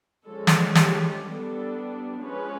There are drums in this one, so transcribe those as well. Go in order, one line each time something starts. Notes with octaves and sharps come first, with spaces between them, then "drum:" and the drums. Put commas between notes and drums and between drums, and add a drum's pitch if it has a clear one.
D3 F3 G#3 C#4 A4
drum: snare
G4, drum: snare
G3 B3 D4 A4
F3 G#3 C#4 B4